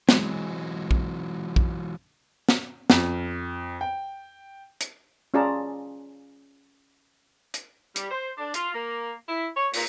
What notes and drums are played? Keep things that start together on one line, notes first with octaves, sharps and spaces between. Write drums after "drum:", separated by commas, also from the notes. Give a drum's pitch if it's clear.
E3 F#3 G#3 C4, drum: snare
drum: kick A#1
drum: kick A#1
drum: snare
F2, drum: snare
G5
drum: hi-hat
C#4 F4 G#4 D5 A5 A#5
drum: hi-hat
G3, drum: hi-hat
C5
D4
F4, drum: hi-hat
A#3
E4
C#5
A#2, drum: open hi-hat